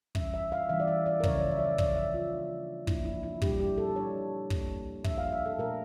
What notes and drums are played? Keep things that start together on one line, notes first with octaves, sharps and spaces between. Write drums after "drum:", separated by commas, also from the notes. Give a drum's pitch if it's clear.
E3 G3 C#4 E5, drum: kick
E5
F5
E3 G3 C#4 E5
D5
E5
D5
A#4
C#3 F3 C#4 C#5, drum: kick
D5
E5
D5
E5
C#3 F3 C#4 D5, drum: kick
E5
F4
F3 A#3 D4
F3 A#3 D4 E4, drum: kick
E4
E4
A#2 G3 D4 G4, drum: kick
G4
A4
A#2 G3 D4 C#5
F3 A#3 D4, drum: kick
F3 A#3 D4 E5, drum: kick
F5
E5
A4
A#2 A3 D4 A#4